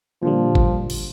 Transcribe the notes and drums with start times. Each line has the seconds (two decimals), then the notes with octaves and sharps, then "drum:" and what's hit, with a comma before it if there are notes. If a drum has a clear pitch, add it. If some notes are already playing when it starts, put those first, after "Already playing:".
0.23 A#2 D3 F3 G3
0.55 drum: kick G#1
0.90 drum: cymbal